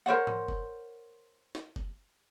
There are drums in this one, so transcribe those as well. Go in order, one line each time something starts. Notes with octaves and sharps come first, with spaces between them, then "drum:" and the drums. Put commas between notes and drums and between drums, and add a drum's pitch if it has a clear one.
A#4 C5 C#5 F#5
drum: tom G#2
drum: kick F1
drum: snare
drum: kick F1